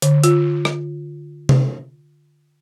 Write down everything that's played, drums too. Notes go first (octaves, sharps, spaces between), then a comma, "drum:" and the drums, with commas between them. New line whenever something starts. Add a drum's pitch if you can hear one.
D3, drum: hi-hat
F4, drum: hi-hat
drum: rim click
drum: tom C3